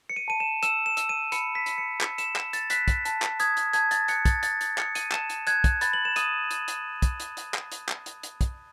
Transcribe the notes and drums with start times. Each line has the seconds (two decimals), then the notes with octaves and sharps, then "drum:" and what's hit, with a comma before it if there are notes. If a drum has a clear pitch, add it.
0.09 C#7
0.16 D#7
0.28 A5 D#7
0.40 E7
0.63 E6 E7, drum: hi-hat
0.86 E7
0.97 E6, drum: hi-hat
1.09 D#7
1.32 B5 C#7, drum: hi-hat
1.55 B6
1.66 B5, drum: hi-hat
1.78 C#7
2.01 E6 C#7, drum: clap
2.18 E7, drum: hi-hat
2.36 E6 E7, drum: clap
2.53 A6, drum: hi-hat
2.70 F#6 B6, drum: hi-hat
2.88 drum: kick, hi-hat
3.05 A5, drum: hi-hat
3.22 drum: clap
3.40 D#6 G#6, drum: hi-hat
3.57 drum: hi-hat
3.73 A5 G#6, drum: hi-hat
3.91 A6, drum: hi-hat
4.08 F#6 C#7, drum: hi-hat
4.25 A6, drum: kick, hi-hat
4.43 A5 A6, drum: hi-hat
4.61 A6, drum: hi-hat
4.78 D#6 C#7, drum: clap
4.95 D#7, drum: hi-hat
5.12 A5 E7, drum: clap
5.30 drum: hi-hat
5.47 F#6 G#6, drum: hi-hat
5.64 drum: kick, hi-hat
5.81 B5 A6, drum: hi-hat
5.93 F#7
6.05 E7
6.16 D#6 D#7, drum: hi-hat
6.51 drum: hi-hat
6.68 drum: hi-hat
7.02 drum: kick, hi-hat
7.20 drum: hi-hat
7.37 drum: hi-hat
7.54 drum: clap
7.72 drum: hi-hat
7.89 drum: clap
8.06 drum: hi-hat
8.23 drum: hi-hat
8.41 drum: kick, hi-hat